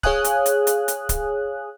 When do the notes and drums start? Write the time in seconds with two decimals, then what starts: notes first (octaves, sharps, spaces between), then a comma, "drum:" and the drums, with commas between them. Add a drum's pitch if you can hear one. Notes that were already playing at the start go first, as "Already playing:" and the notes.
0.03 G#4 C#5 F5 G#5 D#6 F#6, drum: kick C#1
0.24 drum: hi-hat
0.46 drum: hi-hat
0.67 drum: hi-hat
0.88 drum: hi-hat
1.09 drum: kick C#1, hi-hat